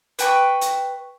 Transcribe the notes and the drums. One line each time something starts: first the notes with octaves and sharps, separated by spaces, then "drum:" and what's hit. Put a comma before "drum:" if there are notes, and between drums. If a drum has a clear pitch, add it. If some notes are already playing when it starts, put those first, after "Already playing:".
B4 G5 C#6, drum: hi-hat
drum: hi-hat